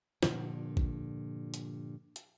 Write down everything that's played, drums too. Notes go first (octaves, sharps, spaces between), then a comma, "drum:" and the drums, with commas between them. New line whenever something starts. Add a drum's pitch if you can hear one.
G2 A#2 D3 F3, drum: snare
drum: kick A1
drum: hi-hat
drum: hi-hat